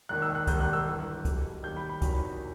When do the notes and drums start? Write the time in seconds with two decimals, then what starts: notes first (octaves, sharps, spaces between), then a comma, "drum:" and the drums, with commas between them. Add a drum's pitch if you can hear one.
0.09 E1 D#2 D#3 F#6
0.22 E6
0.35 F#6
0.47 E1 D#2 D#3 G3 G6, drum: kick, hi-hat
0.60 F#6
0.73 E6
0.87 G1 G2 E3
1.25 B1 B2 G3, drum: kick, hi-hat
1.63 D#2 D#3 G3 G6
1.77 B5
1.89 B5
2.02 F#1 E2 C3 D#3 F#3, drum: kick, hi-hat